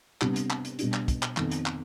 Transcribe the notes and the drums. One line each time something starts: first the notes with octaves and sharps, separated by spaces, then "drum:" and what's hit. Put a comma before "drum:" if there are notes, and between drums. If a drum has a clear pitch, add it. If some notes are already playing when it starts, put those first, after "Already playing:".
C3 G3 B3 D4, drum: clap
drum: hi-hat
drum: clap
drum: hi-hat
B2 G3 D4, drum: hi-hat
drum: clap
drum: kick, hi-hat
drum: clap
F2 D#3 B3, drum: clap
drum: hi-hat
drum: clap